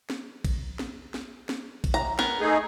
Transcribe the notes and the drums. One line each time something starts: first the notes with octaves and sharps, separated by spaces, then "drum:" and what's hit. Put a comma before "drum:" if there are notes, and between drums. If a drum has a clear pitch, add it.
drum: snare
drum: kick A#1, cymbal
drum: snare
drum: snare
drum: snare
drum: kick A#1, cymbal
A#5
B3 A#4, drum: snare
A3 D#4 G#4